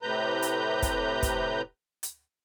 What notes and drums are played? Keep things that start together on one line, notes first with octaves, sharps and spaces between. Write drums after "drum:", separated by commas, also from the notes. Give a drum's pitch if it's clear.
A2 C3 B4 A#5 G6
drum: hi-hat
drum: kick, hi-hat
drum: kick, hi-hat
drum: hi-hat